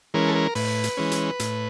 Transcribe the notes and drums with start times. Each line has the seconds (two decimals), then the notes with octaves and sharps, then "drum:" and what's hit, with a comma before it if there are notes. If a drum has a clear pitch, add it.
0.14 E3 G#3 C#4 A#4
0.28 A4
0.35 A#4
0.55 A2 B4, drum: open hi-hat
0.84 drum: hi-hat
0.97 E3 G#3 C#4
1.11 drum: hi-hat
1.39 A2, drum: hi-hat